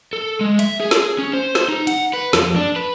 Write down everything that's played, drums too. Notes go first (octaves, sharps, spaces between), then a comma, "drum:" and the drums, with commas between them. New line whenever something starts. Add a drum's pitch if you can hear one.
A4
G#3
E5, drum: cymbal
G#4
drum: snare
C#4
C5
drum: snare
D#4
F#5, drum: cymbal
B4
F2, drum: snare
D4
B4